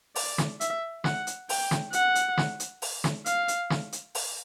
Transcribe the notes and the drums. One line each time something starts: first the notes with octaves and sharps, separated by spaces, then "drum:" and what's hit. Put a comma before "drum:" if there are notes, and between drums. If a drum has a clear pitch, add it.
D5, drum: open hi-hat
drum: snare
E5, drum: hi-hat
F#5, drum: snare
drum: hi-hat
G5, drum: open hi-hat
drum: snare
F#5, drum: hi-hat
drum: hi-hat
drum: snare
drum: hi-hat
drum: open hi-hat
drum: snare
F5, drum: hi-hat
drum: hi-hat
drum: snare
drum: hi-hat
drum: open hi-hat